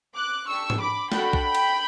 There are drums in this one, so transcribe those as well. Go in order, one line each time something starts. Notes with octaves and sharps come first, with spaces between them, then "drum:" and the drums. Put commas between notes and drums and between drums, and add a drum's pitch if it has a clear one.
D6 F#6
D4 G4 C#6 E6
drum: tom G#2
B5 D6
D4 F#4 A4 G5 B5, drum: snare
drum: kick B1
drum: cymbal